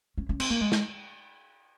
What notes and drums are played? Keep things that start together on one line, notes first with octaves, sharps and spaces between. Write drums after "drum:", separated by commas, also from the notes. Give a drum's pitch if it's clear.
C#4
C#4
C4, drum: cymbal
A#3
G#3
drum: snare